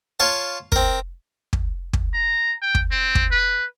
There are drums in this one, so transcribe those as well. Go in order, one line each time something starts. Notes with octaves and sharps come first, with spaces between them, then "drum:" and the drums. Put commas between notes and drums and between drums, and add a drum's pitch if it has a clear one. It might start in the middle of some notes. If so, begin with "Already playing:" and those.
F4 C#5 F5 A5
C4 A#4, drum: kick
drum: kick
drum: kick
A#5
G5
drum: kick
C4
drum: kick
B4